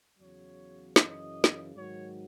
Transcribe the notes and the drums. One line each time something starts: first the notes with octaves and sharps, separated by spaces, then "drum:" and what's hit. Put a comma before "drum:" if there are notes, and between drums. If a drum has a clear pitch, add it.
E2 C#3 F#3 C#5
F#2 C#3 E3 D#5, drum: snare
drum: snare
G#2 D#3 F#3 C#5